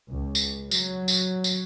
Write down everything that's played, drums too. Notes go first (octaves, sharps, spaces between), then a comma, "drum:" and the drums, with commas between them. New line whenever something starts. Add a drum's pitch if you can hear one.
C#2
drum: tambourine
F#3, drum: tambourine
drum: tambourine
drum: tambourine